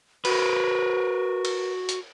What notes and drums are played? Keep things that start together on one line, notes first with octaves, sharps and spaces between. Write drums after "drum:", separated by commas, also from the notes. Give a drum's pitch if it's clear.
F#4 A#4 B4, drum: cymbal
drum: cymbal
drum: hi-hat